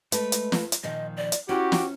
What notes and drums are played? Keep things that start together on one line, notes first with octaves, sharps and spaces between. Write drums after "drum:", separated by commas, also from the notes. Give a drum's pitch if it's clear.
G#3 A3 B4, drum: hi-hat
drum: hi-hat
drum: snare
drum: hi-hat
A#2 D#3 F3 D#5
D5
drum: hi-hat
C#4 E4 F#4 G4
drum: snare